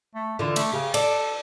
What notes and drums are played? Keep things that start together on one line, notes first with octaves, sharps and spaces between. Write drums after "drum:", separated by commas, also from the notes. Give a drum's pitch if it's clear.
A3
D3 E3 F4
A3, drum: cymbal
C#3 G4
A4 D5, drum: cymbal